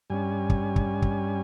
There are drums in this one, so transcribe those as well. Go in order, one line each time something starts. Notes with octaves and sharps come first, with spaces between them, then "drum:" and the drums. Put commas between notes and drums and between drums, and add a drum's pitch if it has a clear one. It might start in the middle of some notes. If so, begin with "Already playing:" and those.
G2 G3 C#4 G#5
drum: kick
drum: kick
drum: kick